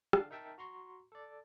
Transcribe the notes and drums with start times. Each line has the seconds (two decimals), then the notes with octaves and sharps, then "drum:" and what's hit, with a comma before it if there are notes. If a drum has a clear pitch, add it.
0.13 D3 D4 F5 A5, drum: rim click
0.31 D#4 A#4 E5 G5 A5
0.58 F#4 A#5 C6 C#6
1.12 A4 D5